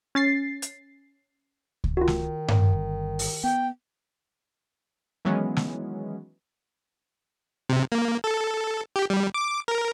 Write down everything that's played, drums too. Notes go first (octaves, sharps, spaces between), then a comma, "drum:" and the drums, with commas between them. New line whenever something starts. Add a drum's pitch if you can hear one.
C#4 A6 C7
drum: hi-hat
drum: kick C#2
D#3 F4 F#4
drum: snare
drum: tom G2
G1
drum: open hi-hat
B3 G5
D#3 E3 F#3 G#3 B3 C#4
drum: snare
C3
A#3
A4
G4
G3
D6
A#4